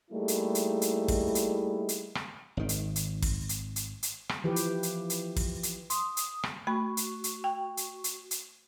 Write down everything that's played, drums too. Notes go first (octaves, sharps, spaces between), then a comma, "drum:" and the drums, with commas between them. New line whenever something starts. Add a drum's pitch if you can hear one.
G3 A3 A#3 D#4 E4 G#4
drum: hi-hat
drum: hi-hat
drum: hi-hat
drum: kick, open hi-hat
drum: hi-hat
drum: hi-hat
drum: rim click
G#1 D#3
drum: hi-hat
drum: hi-hat
drum: kick, open hi-hat
drum: hi-hat
drum: hi-hat
drum: hi-hat
drum: rim click
E3 F3 G4 B4
drum: hi-hat
drum: hi-hat
drum: hi-hat
drum: kick, open hi-hat
drum: hi-hat
C6 D#6, drum: hi-hat
drum: hi-hat
drum: rim click
A3 F#4 B5 C#6
drum: hi-hat
drum: hi-hat
G5
drum: hi-hat
drum: hi-hat
drum: hi-hat